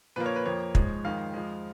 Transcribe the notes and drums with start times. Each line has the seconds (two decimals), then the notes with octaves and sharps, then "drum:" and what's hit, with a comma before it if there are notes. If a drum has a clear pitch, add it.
0.16 A#2 F3 A#3 B4
0.26 C#5
0.36 B4
0.46 F2 F3 A#3 C#5
0.75 G#2 F3 G#3, drum: kick
1.04 F2 D#3 G#3 F5
1.33 F2 F3 G#3